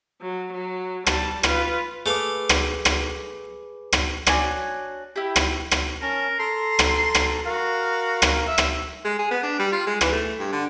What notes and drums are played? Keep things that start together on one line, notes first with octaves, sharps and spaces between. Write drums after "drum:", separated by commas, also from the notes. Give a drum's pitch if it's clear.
F#3
F#3
G3 A5, drum: rim click
F4 B4, drum: rim click
A3 G#4 B4 F5 D6
drum: rim click
drum: rim click
drum: rim click
D4 F#4 C#5 G#5, drum: rim click
E4 G4
drum: rim click
drum: rim click
C#4 A#4 A5
A4 A#5 C6
drum: rim click
drum: rim click
F#4 A#4 F5
drum: rim click
E5
drum: rim click
G#3
G#4
B3
D4
G3
F4
G#3
E3, drum: rim click
A3
G2
D3